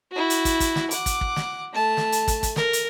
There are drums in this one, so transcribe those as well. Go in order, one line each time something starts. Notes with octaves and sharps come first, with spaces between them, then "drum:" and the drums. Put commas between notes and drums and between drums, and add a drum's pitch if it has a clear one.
E4 F#4
drum: hi-hat
drum: kick, hi-hat
drum: kick, hi-hat
drum: snare
F#5 D6, drum: hi-hat
drum: kick, hi-hat
drum: kick
drum: snare
A3 A5
drum: snare
drum: hi-hat
drum: kick, hi-hat
drum: kick, hi-hat
A#4, drum: snare
drum: hi-hat